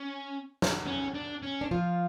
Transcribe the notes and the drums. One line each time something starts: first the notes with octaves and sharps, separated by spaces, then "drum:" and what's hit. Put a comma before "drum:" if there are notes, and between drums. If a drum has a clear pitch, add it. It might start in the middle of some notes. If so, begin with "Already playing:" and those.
Already playing: C#4
drum: snare
C#4
D4
C#4
D4
F3 F4